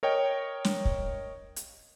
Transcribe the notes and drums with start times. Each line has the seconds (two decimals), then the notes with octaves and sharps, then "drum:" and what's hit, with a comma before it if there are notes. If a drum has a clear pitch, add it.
0.03 A#4 C#5 D#5 G5
0.64 drum: snare
0.85 drum: kick
1.56 drum: hi-hat